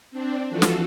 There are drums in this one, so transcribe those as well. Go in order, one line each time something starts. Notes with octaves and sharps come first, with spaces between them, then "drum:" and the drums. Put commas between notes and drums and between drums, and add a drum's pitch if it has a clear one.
C4 D4
E3 F3 F4 F#4 A4
drum: snare